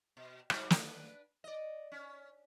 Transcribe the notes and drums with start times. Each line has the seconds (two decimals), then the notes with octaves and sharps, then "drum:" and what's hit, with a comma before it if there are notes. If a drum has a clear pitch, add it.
0.17 B2
0.50 G#2 G3 F#4, drum: rim click
0.70 D4 B4, drum: snare
1.44 D5 D#5
1.92 C#4